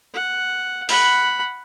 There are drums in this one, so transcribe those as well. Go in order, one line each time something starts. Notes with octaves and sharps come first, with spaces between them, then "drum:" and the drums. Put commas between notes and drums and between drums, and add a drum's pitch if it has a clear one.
F#5
F#5 B5, drum: open hi-hat